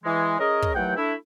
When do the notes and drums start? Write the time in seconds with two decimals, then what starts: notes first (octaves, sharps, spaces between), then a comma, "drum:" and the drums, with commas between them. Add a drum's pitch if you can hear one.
0.04 E3 G#3
0.40 C#4 G#4 A#4 D#5
0.62 drum: kick
0.74 D#2 E3 F#3 A3 F#5 G5
0.97 A3 D4 E4